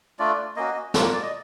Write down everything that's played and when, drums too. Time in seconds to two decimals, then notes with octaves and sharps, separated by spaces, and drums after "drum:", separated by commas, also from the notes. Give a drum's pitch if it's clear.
0.19 A3 D4 F4 D5
0.56 A#3 C#4 F#4 D#5
0.94 F#3 A#3 D4 F4, drum: snare
1.13 D5
1.22 D#5